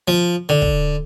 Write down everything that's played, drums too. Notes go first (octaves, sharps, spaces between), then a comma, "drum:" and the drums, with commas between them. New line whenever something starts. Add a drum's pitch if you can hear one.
F3
D3
drum: kick